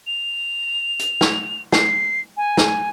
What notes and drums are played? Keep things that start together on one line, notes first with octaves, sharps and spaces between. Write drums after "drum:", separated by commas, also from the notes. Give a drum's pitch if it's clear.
F7
drum: hi-hat
drum: snare
C7, drum: snare
G#5
drum: snare